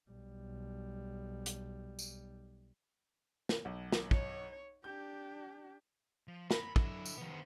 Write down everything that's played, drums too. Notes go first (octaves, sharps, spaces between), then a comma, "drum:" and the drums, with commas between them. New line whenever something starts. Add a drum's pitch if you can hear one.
B1 G3
drum: hi-hat
drum: tambourine
drum: snare
B1
drum: snare
C#5, drum: kick
D4 G4 G6
F3
F#4 A#4 B5, drum: snare
D3 F#3 E4, drum: kick
drum: tambourine
C2 D#3 F3 B3
D3 C5